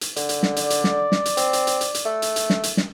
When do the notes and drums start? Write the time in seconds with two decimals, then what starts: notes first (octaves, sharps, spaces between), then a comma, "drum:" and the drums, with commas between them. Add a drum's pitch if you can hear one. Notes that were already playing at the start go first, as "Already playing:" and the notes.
0.01 drum: hi-hat
0.16 D3, drum: hi-hat
0.29 drum: hi-hat
0.43 drum: snare
0.57 D5, drum: hi-hat
0.70 drum: hi-hat
0.84 drum: snare
1.12 drum: snare
1.26 drum: hi-hat
1.37 C4, drum: hi-hat
1.53 drum: hi-hat
1.67 drum: hi-hat
1.81 drum: hi-hat
1.95 drum: hi-hat
2.05 A3
2.22 drum: hi-hat
2.36 drum: hi-hat
2.50 drum: snare
2.64 drum: hi-hat
2.77 drum: snare